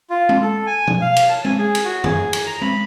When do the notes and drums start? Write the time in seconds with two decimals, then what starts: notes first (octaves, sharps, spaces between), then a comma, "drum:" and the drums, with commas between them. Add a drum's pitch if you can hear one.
0.10 F4
0.29 drum: tom G#3
0.42 A4
0.66 G#5
0.87 drum: tom
1.01 F5
1.16 drum: cymbal
1.29 A5
1.45 G#5, drum: tom G#3
1.59 G#4
1.75 drum: cymbal
1.85 F#4
2.04 G#4, drum: tom F2
2.33 drum: cymbal
2.46 A#5
2.61 B5, drum: tom G#3